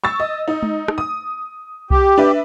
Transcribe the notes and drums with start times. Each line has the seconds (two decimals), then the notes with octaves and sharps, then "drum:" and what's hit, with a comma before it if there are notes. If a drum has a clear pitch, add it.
0.04 C#6 E6 A6
0.20 D#5
0.48 D#4
0.63 drum: tom G#3
0.88 drum: rim click
0.98 D#6
1.90 G4, drum: kick C2
2.18 D4 B4 E5